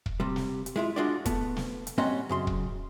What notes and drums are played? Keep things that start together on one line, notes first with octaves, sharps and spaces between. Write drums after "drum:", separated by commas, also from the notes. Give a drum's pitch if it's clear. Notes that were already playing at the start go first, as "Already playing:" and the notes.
drum: kick
C3 G3
drum: snare
drum: hi-hat
G#3 E4 F4
G#3 D4 F4 F#4 D5
A3 B3, drum: kick, hi-hat
drum: snare
drum: hi-hat
G3 A#3 C4 C#4 F#4 D#5
F#2 C#3 C6
drum: kick